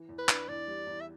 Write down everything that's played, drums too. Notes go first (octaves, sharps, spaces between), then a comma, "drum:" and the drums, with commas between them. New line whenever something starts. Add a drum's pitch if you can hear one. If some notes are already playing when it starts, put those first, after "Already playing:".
Already playing: E3
E2
B4
D4, drum: clap
E2 D5
G3
E2
E5